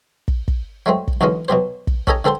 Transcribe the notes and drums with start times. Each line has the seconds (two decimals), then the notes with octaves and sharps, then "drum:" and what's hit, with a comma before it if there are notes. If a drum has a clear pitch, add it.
0.28 drum: kick
0.48 drum: kick
0.86 F#3 G#3 A3 C4
1.08 drum: kick
1.21 B1 E2 B2 D3 G#3 C#4
1.48 B2 F#3 G4 C5
1.87 drum: kick
2.07 C#4 G4 A4 D#5 G#5 A#5, drum: kick
2.24 D3 C4 A4 C5 C6